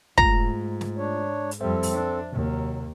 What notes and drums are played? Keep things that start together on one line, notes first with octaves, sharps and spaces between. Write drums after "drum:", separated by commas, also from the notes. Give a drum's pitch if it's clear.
G#2 A3 F4 A#5, drum: kick
drum: snare
D4 C#5
drum: hi-hat
F2 G3 C4 A4 C5 E5
drum: open hi-hat
D4
D#2 C3 F#3